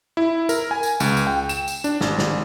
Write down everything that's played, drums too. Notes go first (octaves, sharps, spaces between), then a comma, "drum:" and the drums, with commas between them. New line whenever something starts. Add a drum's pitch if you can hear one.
E4
A#4, drum: tambourine
G#5
drum: tambourine
C#2, drum: tambourine
drum: tambourine
G5
E7, drum: tambourine
drum: tambourine
D4, drum: tambourine
G#1, drum: snare
drum: snare